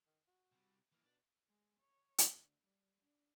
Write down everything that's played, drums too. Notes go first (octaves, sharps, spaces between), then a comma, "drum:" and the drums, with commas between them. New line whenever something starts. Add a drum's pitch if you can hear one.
D#3
F#4
C3 G3
E3 A#3
B2 D4
G#3
C#5
drum: hi-hat
D2
G3
D4